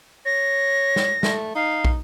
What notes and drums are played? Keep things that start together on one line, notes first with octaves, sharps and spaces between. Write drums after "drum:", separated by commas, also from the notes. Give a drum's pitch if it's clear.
C#5 A#6
drum: snare
A3, drum: snare
D#4 F5
drum: kick